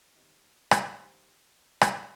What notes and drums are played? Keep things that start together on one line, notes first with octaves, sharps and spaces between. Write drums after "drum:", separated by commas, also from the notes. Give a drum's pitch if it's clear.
D#3 G3 C4 D#5
drum: rim click
D#3 G3 A#3 C5
D#3 G3 A#3 C5, drum: rim click